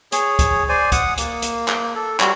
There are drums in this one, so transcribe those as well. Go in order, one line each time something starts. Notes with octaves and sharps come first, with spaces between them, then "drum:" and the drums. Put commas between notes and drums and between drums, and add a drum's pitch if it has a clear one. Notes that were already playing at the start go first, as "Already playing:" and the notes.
G#4 C#5, drum: hi-hat
drum: kick C#2, hi-hat
C5 D5 G#5
F#5 D#6, drum: kick C#2, hi-hat
A#3, drum: hi-hat
drum: hi-hat
drum: clap
A4
G3 F#4 C#5, drum: clap